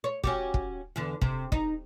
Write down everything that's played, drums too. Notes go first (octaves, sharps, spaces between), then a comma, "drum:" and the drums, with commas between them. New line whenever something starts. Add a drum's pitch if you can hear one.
C#5
C#4 F#4 G4, drum: kick
drum: kick
E2 D3
C3, drum: kick
D#4, drum: kick